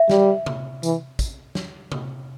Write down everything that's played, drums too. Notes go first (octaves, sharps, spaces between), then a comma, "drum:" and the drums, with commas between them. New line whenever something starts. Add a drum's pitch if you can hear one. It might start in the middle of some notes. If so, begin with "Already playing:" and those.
Already playing: E5
G3, drum: snare
drum: tom C3
E3, drum: tambourine
drum: kick, tambourine
drum: snare
drum: tom C3